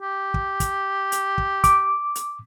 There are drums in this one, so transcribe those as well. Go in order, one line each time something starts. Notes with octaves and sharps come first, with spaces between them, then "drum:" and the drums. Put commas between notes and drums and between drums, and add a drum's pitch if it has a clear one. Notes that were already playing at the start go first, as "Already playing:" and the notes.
G4
drum: kick
drum: kick, hi-hat
drum: hi-hat
drum: kick
D6, drum: kick, hi-hat
drum: hi-hat